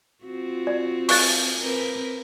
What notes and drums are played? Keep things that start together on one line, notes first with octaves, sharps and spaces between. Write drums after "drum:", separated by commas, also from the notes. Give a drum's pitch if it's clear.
C4 F4 F#4
D5
C#6 F#6 A6, drum: open hi-hat
C4 A#4 B4